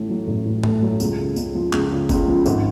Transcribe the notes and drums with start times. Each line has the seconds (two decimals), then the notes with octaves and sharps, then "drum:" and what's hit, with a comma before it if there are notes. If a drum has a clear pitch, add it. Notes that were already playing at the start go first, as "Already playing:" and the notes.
Already playing: A1 A2 A3
0.09 F#3
0.27 A1
0.46 A2
0.64 A3, drum: tom
0.82 F#3
1.00 C#2, drum: tambourine
1.18 C#3
1.36 C#2, drum: tambourine
1.55 F3
1.73 C#2, drum: clap
1.91 C#3
2.09 C#2, drum: kick F#1, tambourine
2.27 F3
2.46 G#1, drum: tambourine